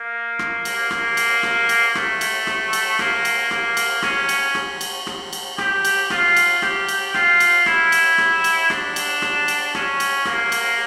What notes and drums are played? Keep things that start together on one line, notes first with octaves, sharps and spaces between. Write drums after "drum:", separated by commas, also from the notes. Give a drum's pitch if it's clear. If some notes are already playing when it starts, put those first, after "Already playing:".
Already playing: A#3
drum: rim click
drum: cymbal
A#3, drum: rim click
drum: cymbal
drum: rim click
drum: cymbal
A3, drum: rim click
drum: cymbal
drum: rim click
drum: cymbal
A#3, drum: rim click
drum: cymbal
A#3, drum: rim click
drum: cymbal
C#4, drum: rim click
drum: cymbal
drum: rim click
drum: cymbal
drum: rim click
drum: cymbal
G4, drum: rim click
drum: cymbal
F4, drum: rim click
drum: cymbal
G4, drum: rim click
drum: cymbal
F4, drum: rim click
drum: cymbal
E4, drum: rim click
drum: cymbal
drum: rim click
drum: cymbal
D4, drum: rim click
drum: cymbal
drum: rim click
drum: cymbal
C#4, drum: rim click
drum: cymbal
A#3, drum: rim click
drum: cymbal